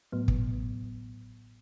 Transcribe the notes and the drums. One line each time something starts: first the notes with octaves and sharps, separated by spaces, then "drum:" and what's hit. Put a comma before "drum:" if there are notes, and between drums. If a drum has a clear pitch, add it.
A2 F#3 B3
drum: kick